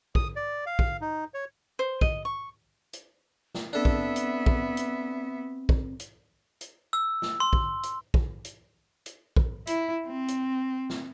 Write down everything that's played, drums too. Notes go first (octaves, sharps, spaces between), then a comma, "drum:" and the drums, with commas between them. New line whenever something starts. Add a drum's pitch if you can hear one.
D#6, drum: kick
D5
F5
drum: kick
D#4
C#5
C5
D#5, drum: kick
C#6
drum: hi-hat
drum: snare
B3 C4 D4 A4 E5
drum: kick
drum: hi-hat
drum: kick
drum: hi-hat
drum: kick
drum: hi-hat
drum: hi-hat
E6
drum: snare
C6
drum: kick
drum: hi-hat
drum: kick
drum: hi-hat
drum: hi-hat
drum: kick
E4, drum: hi-hat
C4
drum: hi-hat
drum: snare